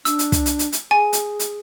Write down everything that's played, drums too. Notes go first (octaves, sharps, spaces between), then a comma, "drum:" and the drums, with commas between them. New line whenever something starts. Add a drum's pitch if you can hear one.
D4 E6, drum: hi-hat
drum: hi-hat
drum: kick, hi-hat
drum: hi-hat
drum: hi-hat
drum: hi-hat
G#4 G#5
drum: hi-hat
drum: hi-hat